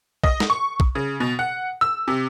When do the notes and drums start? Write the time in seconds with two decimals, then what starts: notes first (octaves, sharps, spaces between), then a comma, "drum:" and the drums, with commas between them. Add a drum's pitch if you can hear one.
0.24 D#5, drum: kick
0.40 drum: snare
0.50 C#6
0.80 drum: kick
0.95 C#3
1.20 B2
1.39 F#5
1.81 E6
2.08 C3